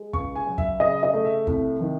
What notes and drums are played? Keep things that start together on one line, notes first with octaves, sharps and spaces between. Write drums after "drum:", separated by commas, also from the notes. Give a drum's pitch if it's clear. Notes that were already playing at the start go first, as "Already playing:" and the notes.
Already playing: G#3
C#2 C#6, drum: kick
G#5
F#3
E5, drum: kick
C#3 D#5
D#5
A3
E5
C2, drum: kick
D#3